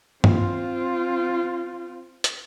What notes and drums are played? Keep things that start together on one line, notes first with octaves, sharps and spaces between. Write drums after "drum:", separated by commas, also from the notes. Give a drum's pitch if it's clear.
C4 F4, drum: tom G2
drum: hi-hat